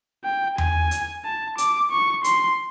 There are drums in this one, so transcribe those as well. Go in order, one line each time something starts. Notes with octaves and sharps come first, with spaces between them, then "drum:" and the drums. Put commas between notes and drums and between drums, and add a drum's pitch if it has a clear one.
G5
G#5, drum: tom E2
drum: hi-hat
A5
D6, drum: hi-hat
C#6
C6, drum: hi-hat